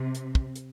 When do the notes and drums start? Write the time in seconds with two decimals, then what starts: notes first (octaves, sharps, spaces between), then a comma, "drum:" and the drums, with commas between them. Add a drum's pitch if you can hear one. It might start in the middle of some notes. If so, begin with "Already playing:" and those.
Already playing: C3
0.15 drum: hi-hat
0.35 drum: kick
0.56 drum: hi-hat